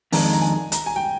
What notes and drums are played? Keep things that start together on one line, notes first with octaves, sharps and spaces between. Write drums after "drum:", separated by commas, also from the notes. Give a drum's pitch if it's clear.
F2 D#3 G#3 D4 A#5, drum: open hi-hat
A#5
G#5
A#5, drum: hi-hat
G#5
G5